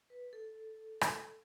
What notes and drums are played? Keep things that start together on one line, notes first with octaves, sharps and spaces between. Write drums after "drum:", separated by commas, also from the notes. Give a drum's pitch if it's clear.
B4
A4
drum: rim click